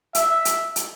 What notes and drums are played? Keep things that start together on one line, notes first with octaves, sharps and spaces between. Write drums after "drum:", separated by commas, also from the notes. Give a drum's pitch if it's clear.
E5, drum: hi-hat
drum: hi-hat
drum: hi-hat